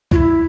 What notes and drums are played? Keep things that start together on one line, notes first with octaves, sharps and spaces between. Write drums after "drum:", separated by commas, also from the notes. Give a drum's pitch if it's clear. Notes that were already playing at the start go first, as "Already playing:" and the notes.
F4, drum: kick
E4